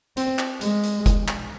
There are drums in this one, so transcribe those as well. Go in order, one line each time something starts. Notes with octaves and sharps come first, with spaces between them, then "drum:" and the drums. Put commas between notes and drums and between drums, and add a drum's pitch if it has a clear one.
C4, drum: hi-hat
drum: clap
G#3, drum: hi-hat
drum: hi-hat
drum: kick F1, hi-hat
drum: clap